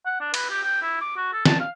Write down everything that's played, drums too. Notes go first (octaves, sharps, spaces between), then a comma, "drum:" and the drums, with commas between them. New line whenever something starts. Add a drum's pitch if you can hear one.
F#5
D4
B4, drum: cymbal
G4
G5
E4
D6
F#4
A4
A5, drum: snare
F5